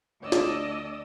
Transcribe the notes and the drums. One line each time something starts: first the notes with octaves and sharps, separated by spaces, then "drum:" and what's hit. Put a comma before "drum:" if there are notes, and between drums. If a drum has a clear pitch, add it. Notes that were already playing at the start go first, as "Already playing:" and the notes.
D2 D4 D5 D#5 E6
drum: snare